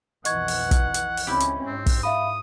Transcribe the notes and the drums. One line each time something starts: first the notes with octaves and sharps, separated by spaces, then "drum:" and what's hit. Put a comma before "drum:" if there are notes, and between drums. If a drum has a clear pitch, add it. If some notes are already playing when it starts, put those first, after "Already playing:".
B1 F2 E3 D#5 F#5 C#6 G#6, drum: hi-hat
drum: open hi-hat
drum: kick, hi-hat
drum: hi-hat
drum: open hi-hat
C#2 C4 C#4 E4 G4
drum: hi-hat
G#2 C4
drum: kick, open hi-hat
E5 F5 B5 D#6